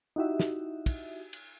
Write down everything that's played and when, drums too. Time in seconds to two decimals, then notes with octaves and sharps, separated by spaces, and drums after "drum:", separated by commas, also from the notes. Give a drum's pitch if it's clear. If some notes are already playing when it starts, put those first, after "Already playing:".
0.16 D#4 E4 F#4 G4 E5
0.40 drum: snare
0.86 drum: kick, cymbal
1.33 drum: cymbal